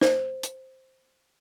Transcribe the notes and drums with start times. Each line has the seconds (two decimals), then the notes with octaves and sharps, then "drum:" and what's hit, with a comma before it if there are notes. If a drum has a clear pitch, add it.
0.01 C5, drum: snare
0.43 drum: hi-hat